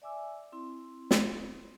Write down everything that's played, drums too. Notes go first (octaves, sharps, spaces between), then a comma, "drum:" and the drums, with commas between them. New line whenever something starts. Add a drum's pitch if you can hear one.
D5 E5 G#5 D6 E6
C4 E4 C6
drum: snare